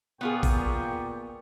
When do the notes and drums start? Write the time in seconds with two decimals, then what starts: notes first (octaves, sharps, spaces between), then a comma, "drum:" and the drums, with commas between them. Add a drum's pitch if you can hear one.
0.21 A#2 B3 F4 G4 G#4 G5 C#6
0.43 drum: kick A1, open hi-hat